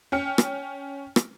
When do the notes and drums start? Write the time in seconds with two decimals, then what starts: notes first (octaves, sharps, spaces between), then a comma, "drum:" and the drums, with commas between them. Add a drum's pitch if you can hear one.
0.12 C#4 G5 F6 C#7
0.38 drum: rim click
1.16 drum: rim click